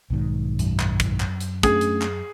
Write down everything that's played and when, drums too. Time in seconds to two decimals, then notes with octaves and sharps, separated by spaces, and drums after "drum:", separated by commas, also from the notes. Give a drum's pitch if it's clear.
0.10 B1 G#2 D#3
0.59 F#2, drum: hi-hat
0.80 drum: clap
1.00 drum: kick, hi-hat
1.20 drum: clap
1.40 drum: hi-hat
1.63 A3 C#4 D4 G#4, drum: kick, hi-hat
1.81 drum: hi-hat
2.01 drum: clap